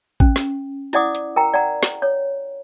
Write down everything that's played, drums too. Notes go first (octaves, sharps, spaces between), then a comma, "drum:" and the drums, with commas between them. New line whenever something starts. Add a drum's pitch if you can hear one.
C#4, drum: kick
drum: snare
E4 C5 D5 F#5 D6 D#6, drum: hi-hat
drum: hi-hat
A#4 G5 A#5
D5 F#5 A#5
drum: snare
C#5